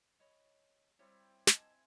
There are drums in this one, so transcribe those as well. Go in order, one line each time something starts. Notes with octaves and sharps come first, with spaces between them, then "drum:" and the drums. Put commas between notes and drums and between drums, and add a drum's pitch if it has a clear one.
C#5 D#5 B5
G3 C4 E4 C#5
D#5 G#5 A5, drum: snare